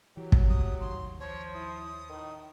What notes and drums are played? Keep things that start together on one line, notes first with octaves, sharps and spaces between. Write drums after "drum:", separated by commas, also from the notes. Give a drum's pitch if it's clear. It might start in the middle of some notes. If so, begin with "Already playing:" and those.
E3 F#3 G4
drum: kick
F#2 A2 D#6
D#2 C6
F3 C#5
E4 D#6
A2 D#3